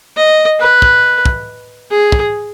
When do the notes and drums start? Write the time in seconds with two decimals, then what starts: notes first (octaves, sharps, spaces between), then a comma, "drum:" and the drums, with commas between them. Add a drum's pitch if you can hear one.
0.17 D#5
0.60 B4
0.82 drum: kick
1.26 drum: kick
1.91 G#4
2.12 drum: kick